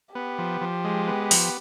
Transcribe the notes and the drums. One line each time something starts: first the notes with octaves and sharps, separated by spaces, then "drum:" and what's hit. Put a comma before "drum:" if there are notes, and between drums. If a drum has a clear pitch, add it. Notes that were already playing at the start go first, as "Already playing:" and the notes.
B3 G4
F3
F3
G#3
B3
F3, drum: open hi-hat